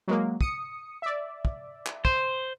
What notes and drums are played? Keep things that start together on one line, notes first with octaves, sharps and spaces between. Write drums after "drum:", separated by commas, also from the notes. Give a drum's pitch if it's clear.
F#3 G#3 A#3
D#6 C#7, drum: kick
D5 E5
drum: kick
drum: clap
C5, drum: kick